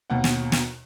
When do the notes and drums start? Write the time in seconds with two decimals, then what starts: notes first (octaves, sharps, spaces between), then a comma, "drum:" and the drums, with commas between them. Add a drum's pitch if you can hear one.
0.10 D#2 B2 F#5
0.24 drum: snare
0.52 drum: snare